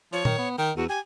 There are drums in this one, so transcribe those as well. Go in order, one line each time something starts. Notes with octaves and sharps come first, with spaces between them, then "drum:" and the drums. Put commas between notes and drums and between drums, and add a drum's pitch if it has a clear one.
F3 C#5
D#3, drum: tom
B3
D#3 G5
E2 F#4
G4 G#5